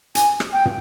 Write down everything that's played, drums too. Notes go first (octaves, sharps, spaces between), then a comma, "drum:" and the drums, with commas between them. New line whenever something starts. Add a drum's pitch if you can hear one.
G#5, drum: hi-hat
drum: rim click
G5
drum: tom